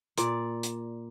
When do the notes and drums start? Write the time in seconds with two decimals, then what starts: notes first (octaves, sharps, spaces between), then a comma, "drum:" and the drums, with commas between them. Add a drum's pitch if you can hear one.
0.18 A#2 D5, drum: hi-hat
0.63 drum: hi-hat